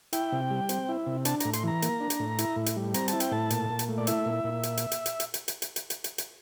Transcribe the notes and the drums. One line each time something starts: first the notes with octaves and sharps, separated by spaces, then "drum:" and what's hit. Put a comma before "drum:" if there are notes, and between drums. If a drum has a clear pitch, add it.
E4 G5, drum: hi-hat
C3
G3
C4, drum: hi-hat
E4
C3
D4 A5, drum: hi-hat
A2 A#5, drum: hi-hat
C6, drum: hi-hat
E3 A#5
A#3, drum: hi-hat
D4
drum: hi-hat
A2
E4, drum: hi-hat
A2
drum: hi-hat
G3
C4 A#5, drum: hi-hat
E4 A5, drum: hi-hat
G5, drum: hi-hat
A2 A5
A#2, drum: hi-hat
A#2
drum: hi-hat
A3
D5
E4 E5, drum: hi-hat
A#2
A#2
drum: hi-hat
drum: hi-hat
drum: hi-hat
drum: hi-hat
drum: hi-hat
drum: hi-hat
drum: hi-hat
drum: hi-hat
drum: hi-hat
drum: hi-hat
drum: hi-hat
drum: hi-hat